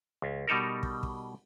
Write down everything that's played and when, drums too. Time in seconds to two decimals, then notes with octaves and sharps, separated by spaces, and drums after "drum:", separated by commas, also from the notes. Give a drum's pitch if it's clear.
0.22 C#2
0.47 B2 G3 D#4 A4 A#4
0.83 drum: kick
1.03 drum: kick